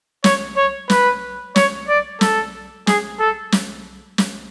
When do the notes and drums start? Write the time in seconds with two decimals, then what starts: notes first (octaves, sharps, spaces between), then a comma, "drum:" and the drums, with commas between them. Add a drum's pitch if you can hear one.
0.24 C#5, drum: snare
0.57 C#5
0.90 B4, drum: snare
1.56 C#5, drum: snare
1.88 D5
2.21 A4, drum: snare
2.87 G#4, drum: snare
3.20 A4
3.52 drum: snare
4.18 drum: snare